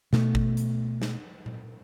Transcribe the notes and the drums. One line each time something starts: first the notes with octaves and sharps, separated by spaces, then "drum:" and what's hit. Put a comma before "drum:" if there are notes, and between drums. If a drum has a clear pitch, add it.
B2 A3, drum: snare
drum: kick
drum: hi-hat
drum: snare
drum: tom A#2